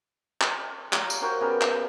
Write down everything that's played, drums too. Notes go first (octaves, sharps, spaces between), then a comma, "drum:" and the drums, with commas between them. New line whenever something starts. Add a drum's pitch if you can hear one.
drum: clap
G4 C#5 F5 A#5, drum: clap
drum: tambourine
F#4 A#4 C5 G5
C#3 B3 G4 A#4
drum: clap